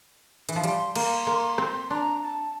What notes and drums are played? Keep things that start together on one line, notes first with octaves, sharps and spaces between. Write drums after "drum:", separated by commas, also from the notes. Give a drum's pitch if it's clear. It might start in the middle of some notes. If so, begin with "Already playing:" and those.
E3, drum: hi-hat
F3
G3 C6, drum: hi-hat
A#3, drum: cymbal
A#3
C4, drum: rim click
D4 A#5
A5